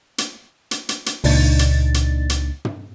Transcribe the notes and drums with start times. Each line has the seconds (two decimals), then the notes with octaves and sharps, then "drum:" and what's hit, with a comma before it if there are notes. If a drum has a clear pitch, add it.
0.18 drum: hi-hat
0.71 drum: hi-hat
0.89 drum: hi-hat
1.06 drum: hi-hat
1.24 C#2 A#2 D4 D#4 A6, drum: open hi-hat
1.59 drum: hi-hat
1.94 drum: hi-hat
2.30 drum: hi-hat
2.65 drum: tom